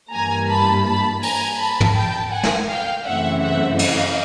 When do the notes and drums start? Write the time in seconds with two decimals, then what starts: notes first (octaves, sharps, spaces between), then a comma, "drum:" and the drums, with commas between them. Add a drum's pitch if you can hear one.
0.13 G2 E3 G3 A#3 G#5 A#5
0.50 A5 B5
0.86 A5 B5
1.23 G#5 A#5, drum: open hi-hat
1.59 A5 B5
1.80 drum: tom
1.96 G5 A5
2.32 F#5 G#5
2.43 drum: snare
2.68 F5 G5
3.05 F#2 C#3 E3 A3 C4 E5 F#5
3.42 E5 F#5
3.79 D#5 F5, drum: cymbal